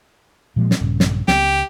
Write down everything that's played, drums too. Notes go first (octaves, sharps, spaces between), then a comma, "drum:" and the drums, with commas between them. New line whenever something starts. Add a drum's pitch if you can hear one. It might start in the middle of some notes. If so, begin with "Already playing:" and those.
A#2 F3 G#3
drum: snare
A#1 G2 C#3
drum: snare
C#2 B3 G4, drum: snare